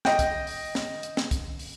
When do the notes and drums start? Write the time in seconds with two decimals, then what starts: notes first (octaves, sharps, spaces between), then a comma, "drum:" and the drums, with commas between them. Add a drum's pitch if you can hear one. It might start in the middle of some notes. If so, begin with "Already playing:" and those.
0.05 D#5 G5, drum: snare
0.19 drum: kick, hi-hat
0.47 drum: open hi-hat
0.75 drum: snare
1.03 drum: hi-hat
1.17 drum: snare
1.31 drum: kick, hi-hat
1.59 drum: open hi-hat